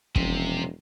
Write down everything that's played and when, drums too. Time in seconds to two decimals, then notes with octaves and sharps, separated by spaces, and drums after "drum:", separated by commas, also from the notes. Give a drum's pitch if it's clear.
0.16 E1 C3 F3 C#4, drum: kick